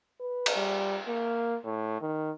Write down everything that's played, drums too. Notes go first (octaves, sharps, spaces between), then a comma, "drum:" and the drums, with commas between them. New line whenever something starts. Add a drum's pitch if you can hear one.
B4
drum: cymbal
G3
A#3
A2
D#3